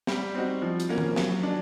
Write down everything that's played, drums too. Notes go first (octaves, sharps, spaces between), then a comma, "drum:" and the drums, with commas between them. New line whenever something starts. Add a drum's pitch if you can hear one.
G3, drum: snare
C4 D#4 F#4
F3
drum: hi-hat
A#3 C#4 F#4
drum: tom D#3
F#3, drum: snare
D4